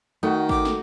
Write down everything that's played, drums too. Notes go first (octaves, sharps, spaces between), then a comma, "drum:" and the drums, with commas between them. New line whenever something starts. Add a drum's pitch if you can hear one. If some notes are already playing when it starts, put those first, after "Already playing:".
D#3 A3 D#4 F#4
D6, drum: kick
drum: snare